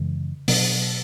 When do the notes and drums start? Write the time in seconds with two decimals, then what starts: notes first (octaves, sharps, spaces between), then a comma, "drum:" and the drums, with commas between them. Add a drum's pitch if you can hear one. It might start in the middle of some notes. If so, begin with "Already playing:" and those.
Already playing: F#2 C#3 E3 G#3
0.48 B2 F#3 B3 D4, drum: open hi-hat